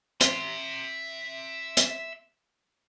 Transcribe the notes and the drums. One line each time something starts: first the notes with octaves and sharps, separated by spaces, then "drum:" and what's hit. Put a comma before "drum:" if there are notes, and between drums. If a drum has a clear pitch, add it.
E5 C6, drum: hi-hat
drum: hi-hat